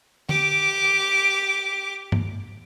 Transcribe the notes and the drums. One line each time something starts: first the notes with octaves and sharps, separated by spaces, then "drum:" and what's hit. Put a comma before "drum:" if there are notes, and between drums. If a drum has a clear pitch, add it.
G4 D6, drum: tom D3
drum: tom G2